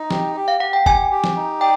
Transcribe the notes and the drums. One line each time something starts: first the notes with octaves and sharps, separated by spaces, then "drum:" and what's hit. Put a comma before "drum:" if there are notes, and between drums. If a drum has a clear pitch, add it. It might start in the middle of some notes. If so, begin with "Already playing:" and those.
Already playing: D#4
G4, drum: snare
G4
F5
G4 F#5
G5
G4 G#5, drum: kick F1
G4
drum: snare
D#4
D5 G5